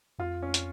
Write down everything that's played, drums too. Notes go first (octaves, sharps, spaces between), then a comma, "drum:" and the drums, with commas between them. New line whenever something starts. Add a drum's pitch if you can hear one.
F2 F4
C#4
drum: hi-hat